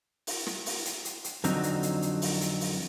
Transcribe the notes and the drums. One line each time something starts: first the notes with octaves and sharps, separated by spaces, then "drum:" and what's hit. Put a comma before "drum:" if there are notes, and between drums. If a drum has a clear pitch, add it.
drum: open hi-hat
drum: rim click
drum: open hi-hat
drum: hi-hat
drum: hi-hat
drum: hi-hat
F2 D3 F#3 C4 D#4, drum: hi-hat
drum: hi-hat
drum: hi-hat
drum: hi-hat
drum: open hi-hat
drum: hi-hat
drum: open hi-hat